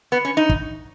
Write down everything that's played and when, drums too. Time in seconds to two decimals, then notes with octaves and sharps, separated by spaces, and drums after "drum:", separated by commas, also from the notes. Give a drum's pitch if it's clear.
0.12 B3
0.25 C#4
0.37 D#4
0.49 drum: kick